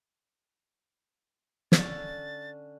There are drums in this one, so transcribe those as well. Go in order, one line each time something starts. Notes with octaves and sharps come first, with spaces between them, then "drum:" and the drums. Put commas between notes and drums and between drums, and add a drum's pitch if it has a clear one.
D3 C#4 A4 A6, drum: snare